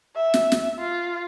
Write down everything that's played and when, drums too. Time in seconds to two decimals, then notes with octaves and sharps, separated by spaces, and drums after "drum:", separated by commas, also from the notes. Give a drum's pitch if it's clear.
0.16 E5
0.34 drum: snare
0.52 drum: snare
0.79 F4